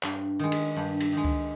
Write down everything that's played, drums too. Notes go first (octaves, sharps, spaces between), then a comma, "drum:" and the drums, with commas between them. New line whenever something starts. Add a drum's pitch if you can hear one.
G2, drum: clap
D#3 G#3
drum: cymbal
G2
drum: cymbal
D#3 G#3
drum: kick C#2